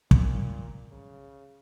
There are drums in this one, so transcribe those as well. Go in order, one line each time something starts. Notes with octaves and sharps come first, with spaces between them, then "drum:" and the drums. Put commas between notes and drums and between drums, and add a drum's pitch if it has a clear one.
A#2, drum: kick
C#3